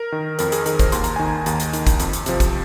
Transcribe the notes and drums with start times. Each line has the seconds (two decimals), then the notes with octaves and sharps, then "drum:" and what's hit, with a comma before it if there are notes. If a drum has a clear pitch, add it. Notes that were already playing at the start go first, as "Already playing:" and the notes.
Already playing: A#4
0.12 D#3
0.39 F2 A#4, drum: hi-hat
0.52 G#4, drum: hi-hat
0.66 D#3 A#4, drum: hi-hat
0.79 C5, drum: kick, hi-hat
0.92 D#2 C6, drum: hi-hat
1.04 A#5, drum: hi-hat
1.16 D#3 G#5
1.28 A#5
1.46 D#2, drum: hi-hat
1.60 drum: hi-hat
1.73 D#3, drum: hi-hat
1.87 drum: kick, hi-hat
2.00 F2, drum: hi-hat
2.13 drum: hi-hat
2.26 C3 F3, drum: hi-hat
2.40 drum: kick, hi-hat